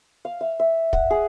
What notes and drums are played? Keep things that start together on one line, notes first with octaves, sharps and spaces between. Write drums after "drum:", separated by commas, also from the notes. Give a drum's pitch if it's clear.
F5
E5
E5
F#5, drum: kick
G#4